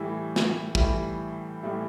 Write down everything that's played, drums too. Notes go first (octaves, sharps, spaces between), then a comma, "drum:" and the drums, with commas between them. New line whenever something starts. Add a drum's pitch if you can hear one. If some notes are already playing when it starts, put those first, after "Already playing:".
Already playing: A2 E3 G3 E4
drum: snare
A2 E3 G3 E4, drum: kick
A2 E3 G3 E4